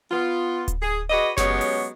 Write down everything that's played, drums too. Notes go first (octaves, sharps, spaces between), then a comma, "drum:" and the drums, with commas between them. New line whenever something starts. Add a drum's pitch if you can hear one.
B3 F4
drum: kick D1, hi-hat
G#4
F#4 G#4 B4 D5 D#5
F#3 G#3 B3 C#4 G4 C#5, drum: snare F#1
drum: open hi-hat